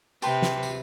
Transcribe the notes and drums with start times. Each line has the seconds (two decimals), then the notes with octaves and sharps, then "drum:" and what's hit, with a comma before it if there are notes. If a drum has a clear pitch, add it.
0.22 C3 G4 B4 A5 C6, drum: tambourine
0.42 drum: snare
0.63 drum: tambourine